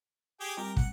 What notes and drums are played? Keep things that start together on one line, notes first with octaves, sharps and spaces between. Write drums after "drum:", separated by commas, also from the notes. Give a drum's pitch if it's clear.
G4 G#4 G5
G3 C4 F4 G4 A#4
F#5, drum: kick